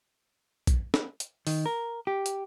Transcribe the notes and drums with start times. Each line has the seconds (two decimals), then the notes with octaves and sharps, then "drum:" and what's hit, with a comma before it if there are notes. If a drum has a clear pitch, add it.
0.67 drum: kick, hi-hat
0.94 drum: snare
1.20 drum: hi-hat
1.47 D#3, drum: open hi-hat
1.66 A#4
2.07 G4
2.26 drum: hi-hat